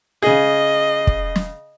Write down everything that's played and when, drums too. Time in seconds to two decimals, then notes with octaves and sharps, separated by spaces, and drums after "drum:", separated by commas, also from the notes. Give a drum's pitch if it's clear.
0.22 C#3 G#4 D#5
1.07 drum: kick
1.36 drum: snare